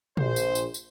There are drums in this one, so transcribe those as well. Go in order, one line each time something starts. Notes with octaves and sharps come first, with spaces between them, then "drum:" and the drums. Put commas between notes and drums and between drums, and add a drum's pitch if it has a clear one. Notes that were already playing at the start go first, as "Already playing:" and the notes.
A#1 C5, drum: tom
drum: tambourine
drum: tambourine
drum: tambourine